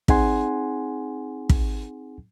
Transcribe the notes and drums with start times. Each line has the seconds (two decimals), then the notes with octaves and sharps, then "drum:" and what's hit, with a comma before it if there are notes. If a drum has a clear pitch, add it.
0.08 C4 D#4 G#4 F#5 G#5 C6, drum: kick
1.49 drum: kick